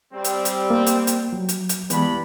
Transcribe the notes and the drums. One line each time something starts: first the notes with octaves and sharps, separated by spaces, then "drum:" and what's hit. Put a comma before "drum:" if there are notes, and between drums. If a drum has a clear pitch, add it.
G3 C4
drum: hi-hat
drum: hi-hat
A#3
drum: hi-hat
drum: hi-hat
F#3
drum: hi-hat
drum: hi-hat
G2 E3 G#3 B3 B5, drum: hi-hat